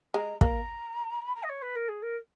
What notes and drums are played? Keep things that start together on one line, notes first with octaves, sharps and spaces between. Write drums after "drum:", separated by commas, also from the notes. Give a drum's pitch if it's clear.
G#3 A#5
A#3 A#5, drum: kick
B5
A#5
D#5
C#5
B4
A#4
G#4
A#4